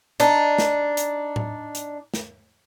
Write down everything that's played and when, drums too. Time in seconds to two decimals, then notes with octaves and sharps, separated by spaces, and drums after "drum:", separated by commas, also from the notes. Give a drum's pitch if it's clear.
0.20 D4 D#4, drum: hi-hat
0.58 drum: snare
0.97 drum: hi-hat
1.36 drum: tom A2
1.75 drum: hi-hat
2.14 drum: snare